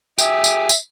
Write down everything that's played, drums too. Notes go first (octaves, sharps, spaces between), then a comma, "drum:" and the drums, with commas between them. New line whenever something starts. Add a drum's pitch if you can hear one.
G4 G#4 E5, drum: tambourine
drum: tambourine
drum: tambourine